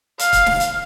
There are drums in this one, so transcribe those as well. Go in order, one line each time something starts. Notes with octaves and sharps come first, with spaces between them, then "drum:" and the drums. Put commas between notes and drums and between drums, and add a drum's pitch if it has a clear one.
F5, drum: hi-hat
drum: kick C#1, hi-hat
drum: snare
drum: hi-hat